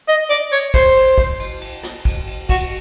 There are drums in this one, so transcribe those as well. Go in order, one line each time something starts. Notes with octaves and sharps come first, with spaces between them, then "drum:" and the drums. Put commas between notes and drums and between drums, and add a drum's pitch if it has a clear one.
D#5
D5
C#5
C5, drum: kick
drum: cymbal
drum: kick
drum: cymbal
drum: cymbal
drum: rim click
drum: kick, cymbal
drum: cymbal
F#4, drum: kick, cymbal